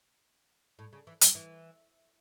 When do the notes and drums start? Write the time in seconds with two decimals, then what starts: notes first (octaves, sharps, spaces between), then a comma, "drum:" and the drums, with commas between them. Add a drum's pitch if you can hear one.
0.79 A2
0.93 C#3
1.07 E3
1.21 F#3, drum: hi-hat
1.35 E3